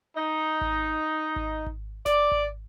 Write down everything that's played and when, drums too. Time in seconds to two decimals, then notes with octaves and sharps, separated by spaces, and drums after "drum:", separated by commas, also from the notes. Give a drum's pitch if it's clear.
0.17 D#4
0.61 drum: kick G#1
1.36 drum: kick G#1
1.66 drum: kick G#1
2.06 D5, drum: snare F#1
2.32 drum: kick G#1